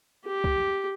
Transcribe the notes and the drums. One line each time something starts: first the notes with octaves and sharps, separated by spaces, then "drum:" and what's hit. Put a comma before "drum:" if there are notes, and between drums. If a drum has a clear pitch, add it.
G4
drum: kick